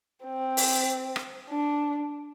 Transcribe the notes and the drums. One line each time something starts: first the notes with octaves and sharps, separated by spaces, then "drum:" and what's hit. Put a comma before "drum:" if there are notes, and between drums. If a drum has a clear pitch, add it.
C4
drum: open hi-hat
drum: rim click
D4